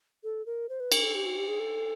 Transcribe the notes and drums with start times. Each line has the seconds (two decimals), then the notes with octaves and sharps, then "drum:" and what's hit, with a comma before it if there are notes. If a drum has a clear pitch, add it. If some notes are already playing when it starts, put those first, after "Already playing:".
0.24 A4
0.46 A#4
0.69 C5
0.80 B4
0.92 A#4, drum: cymbal
1.03 A4
1.15 G4
1.26 F#4
1.37 G4
1.48 G#4
1.60 A4